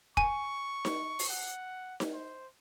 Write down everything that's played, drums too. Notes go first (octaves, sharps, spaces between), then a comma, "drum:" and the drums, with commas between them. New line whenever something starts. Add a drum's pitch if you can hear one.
G#5 C#6, drum: kick F1
drum: snare D#4
drum: open hi-hat
F#5
drum: snare D#4
C5